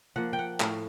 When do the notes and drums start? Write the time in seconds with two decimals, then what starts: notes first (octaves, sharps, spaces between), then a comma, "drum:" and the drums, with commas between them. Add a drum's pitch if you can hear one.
0.16 F3 A#3 F#5
0.33 G5
0.39 F#5
0.60 A2 F5, drum: clap